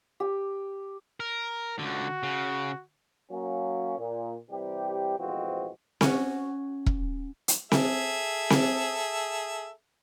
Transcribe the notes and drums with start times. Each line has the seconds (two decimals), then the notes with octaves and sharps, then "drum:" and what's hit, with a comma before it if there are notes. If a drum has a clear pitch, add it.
0.20 G4
1.20 A#4
1.79 C#2 D3 F#4
2.23 C#3
3.31 F#3 A#3 C#4
3.98 A#2
4.51 C3 E3 G3 G4
5.19 A1 B2 F3 G#3 C4 F#4
6.01 C#4 F#4, drum: snare C4
6.86 drum: kick E1
7.48 drum: hi-hat
7.72 G#4 A4 E5, drum: snare C4
8.50 drum: snare C4